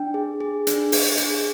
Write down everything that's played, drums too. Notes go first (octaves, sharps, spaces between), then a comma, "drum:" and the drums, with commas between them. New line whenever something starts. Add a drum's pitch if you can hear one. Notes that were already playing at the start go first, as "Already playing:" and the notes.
Already playing: D4 G5
G#4
G#4
D4, drum: hi-hat
G#4, drum: open hi-hat
G#4, drum: hi-hat